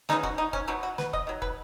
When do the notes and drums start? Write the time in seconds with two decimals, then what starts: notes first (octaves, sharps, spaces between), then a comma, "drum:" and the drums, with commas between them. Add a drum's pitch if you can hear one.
0.09 C#3 G#3 B3 D#4, drum: snare
0.23 F#4, drum: kick
0.38 D#4
0.53 C#4, drum: kick
0.68 B2 F#3 B3 D#4
0.83 F#4
0.98 B4, drum: snare
1.13 D#5, drum: kick
1.27 D#3 F#3
1.42 B4, drum: kick